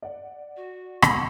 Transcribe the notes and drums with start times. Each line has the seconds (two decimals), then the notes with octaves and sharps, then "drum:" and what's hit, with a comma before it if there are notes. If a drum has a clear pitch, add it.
0.02 D5 F#5
0.56 F#4
1.02 drum: rim click